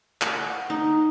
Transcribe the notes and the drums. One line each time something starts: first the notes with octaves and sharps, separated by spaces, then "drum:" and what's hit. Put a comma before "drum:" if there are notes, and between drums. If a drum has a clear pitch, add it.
F#5, drum: clap
D#4